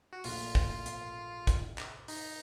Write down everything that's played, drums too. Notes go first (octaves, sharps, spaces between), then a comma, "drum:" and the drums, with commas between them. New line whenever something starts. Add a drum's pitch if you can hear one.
F#4
A#1 A#2 A3 F4, drum: open hi-hat
drum: kick
drum: hi-hat
drum: kick, hi-hat
drum: clap
D#4, drum: open hi-hat